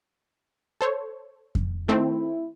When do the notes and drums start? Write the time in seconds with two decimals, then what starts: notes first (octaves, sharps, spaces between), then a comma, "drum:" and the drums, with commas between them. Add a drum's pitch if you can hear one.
0.81 A4 C5 C#5
1.55 drum: kick F2
1.88 D#3 A3 C4 E4